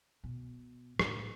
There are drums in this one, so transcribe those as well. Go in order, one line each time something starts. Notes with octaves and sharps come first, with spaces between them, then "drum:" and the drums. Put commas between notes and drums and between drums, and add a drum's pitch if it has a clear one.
B2
A2, drum: rim click